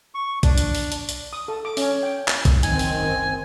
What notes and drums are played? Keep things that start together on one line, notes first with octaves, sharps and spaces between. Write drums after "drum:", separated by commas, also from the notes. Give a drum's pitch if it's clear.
C#6
D4, drum: kick, hi-hat
drum: hi-hat
drum: open hi-hat
drum: hi-hat
drum: hi-hat
D#6
A4
D6
C#4, drum: open hi-hat
G5
drum: clap
drum: kick, hi-hat
F#1 D#3 C4 G#5, drum: hi-hat
drum: open hi-hat